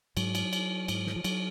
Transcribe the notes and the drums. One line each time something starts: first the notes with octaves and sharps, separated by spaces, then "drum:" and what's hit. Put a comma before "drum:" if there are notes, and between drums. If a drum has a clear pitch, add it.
G#2 F#3, drum: cymbal
drum: cymbal
drum: cymbal
G#2, drum: cymbal
drum: snare
F3
F#3, drum: cymbal